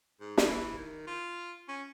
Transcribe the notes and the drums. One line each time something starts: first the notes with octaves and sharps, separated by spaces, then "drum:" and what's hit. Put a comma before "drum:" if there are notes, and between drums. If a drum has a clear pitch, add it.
G#2
drum: snare
E3
D#3
F4
C#4